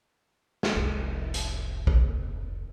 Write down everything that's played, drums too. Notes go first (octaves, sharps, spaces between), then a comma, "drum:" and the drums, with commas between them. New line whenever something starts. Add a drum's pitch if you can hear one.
drum: snare
F1 C2
drum: hi-hat
drum: kick A#1